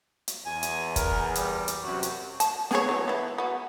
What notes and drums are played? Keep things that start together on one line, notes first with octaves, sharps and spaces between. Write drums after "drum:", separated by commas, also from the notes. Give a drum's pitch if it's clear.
drum: hi-hat
E2 G#5
drum: hi-hat
A#4, drum: kick, hi-hat
G3, drum: hi-hat
drum: hi-hat
F#2 C3 F#4
drum: hi-hat
A5, drum: hi-hat
B3 G#4 C#5, drum: snare
E3 F#3
B3 E4
B3 F#4